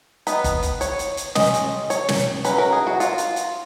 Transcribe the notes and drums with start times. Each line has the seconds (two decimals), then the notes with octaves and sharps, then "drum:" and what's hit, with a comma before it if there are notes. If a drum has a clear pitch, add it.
0.27 D#3 G#3 B3 D#4 B4, drum: hi-hat
0.44 drum: kick G1, hi-hat
0.63 drum: hi-hat
0.81 C#5, drum: hi-hat
0.99 drum: hi-hat
1.17 drum: hi-hat
1.35 G#3 C#4 D#5, drum: snare
1.54 drum: hi-hat
1.90 C#5, drum: hi-hat
2.09 drum: snare
2.44 F#3 C#4 B4, drum: hi-hat
2.58 A#4
2.73 G#4
2.87 F#4
3.00 F4, drum: hi-hat
3.18 drum: hi-hat
3.36 drum: hi-hat